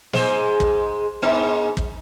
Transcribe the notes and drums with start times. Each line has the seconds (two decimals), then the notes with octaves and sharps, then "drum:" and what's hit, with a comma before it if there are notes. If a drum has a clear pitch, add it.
0.13 G#2 G#3 C5, drum: snare
0.60 drum: kick
1.22 G#2 A#3 D#4
1.77 drum: kick